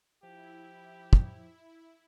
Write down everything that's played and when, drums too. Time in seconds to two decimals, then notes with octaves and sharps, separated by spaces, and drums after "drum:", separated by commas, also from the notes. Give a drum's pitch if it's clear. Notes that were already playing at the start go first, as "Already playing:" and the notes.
0.23 F3 E4 G4
1.13 drum: kick